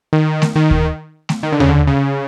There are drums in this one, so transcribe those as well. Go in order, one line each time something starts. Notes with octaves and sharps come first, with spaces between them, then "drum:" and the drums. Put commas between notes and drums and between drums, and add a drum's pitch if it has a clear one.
D#3
drum: snare A3
D#3
drum: kick D2
drum: snare A3
D#3
D3
C#3, drum: tom D#2
D3
C#3